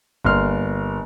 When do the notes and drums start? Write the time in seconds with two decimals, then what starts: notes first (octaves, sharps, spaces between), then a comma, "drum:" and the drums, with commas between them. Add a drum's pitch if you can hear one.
0.24 G1 A#3 C6 F6, drum: kick G1